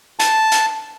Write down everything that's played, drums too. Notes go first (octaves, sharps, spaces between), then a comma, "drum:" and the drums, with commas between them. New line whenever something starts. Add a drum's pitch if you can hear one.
A5, drum: hi-hat
drum: hi-hat